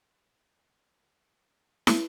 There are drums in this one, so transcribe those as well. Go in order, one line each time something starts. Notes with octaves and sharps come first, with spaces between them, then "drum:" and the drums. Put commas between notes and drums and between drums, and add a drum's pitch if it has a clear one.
B2 A3 A#4 F#5
B2 G3
drum: snare